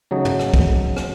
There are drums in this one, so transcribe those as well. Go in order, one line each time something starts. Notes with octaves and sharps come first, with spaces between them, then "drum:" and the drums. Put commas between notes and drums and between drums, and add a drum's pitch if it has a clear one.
C#3 F#3 A3 D#4
drum: tom
drum: rim click
drum: kick
drum: rim click